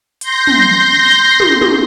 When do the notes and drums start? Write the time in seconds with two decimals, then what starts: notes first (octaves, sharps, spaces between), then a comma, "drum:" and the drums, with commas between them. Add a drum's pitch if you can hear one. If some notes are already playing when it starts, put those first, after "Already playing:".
0.21 C6 G6 A#6, drum: hi-hat
0.47 drum: tom
1.40 drum: tom
1.61 drum: tom